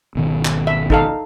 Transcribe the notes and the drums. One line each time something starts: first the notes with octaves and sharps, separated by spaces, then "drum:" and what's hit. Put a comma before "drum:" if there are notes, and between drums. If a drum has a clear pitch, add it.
G#1 B2 D#3
drum: clap
E5
D#4 A4 F5, drum: kick G#1